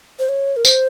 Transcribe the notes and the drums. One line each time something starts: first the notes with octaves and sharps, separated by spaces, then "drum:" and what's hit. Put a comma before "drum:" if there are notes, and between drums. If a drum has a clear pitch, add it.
C5
C#5
A#4
C5, drum: tambourine